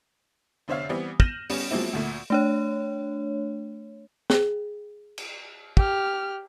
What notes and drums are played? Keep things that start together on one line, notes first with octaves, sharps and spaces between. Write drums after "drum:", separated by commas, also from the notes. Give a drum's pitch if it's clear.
F1 D3 C5 C#5 E5 F5
E3 G3 B3 C4
F6 G6 A#6 D#7 E7 F#7, drum: kick
G3 B3 C#4, drum: open hi-hat
F3 F#3 G#3 A#3 C4 E4
D2 A#2 A3
A3 D4 C#5
G#4, drum: snare
drum: cymbal
G4 F6, drum: kick